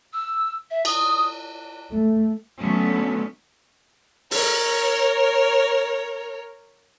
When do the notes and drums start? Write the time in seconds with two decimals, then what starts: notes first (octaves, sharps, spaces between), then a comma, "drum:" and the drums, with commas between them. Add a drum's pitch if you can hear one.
0.12 E6
0.70 E5
0.85 D#6, drum: cymbal
1.94 A3
2.59 D3 F#3 A3 B3 C#4
4.31 A#4 C#5, drum: open hi-hat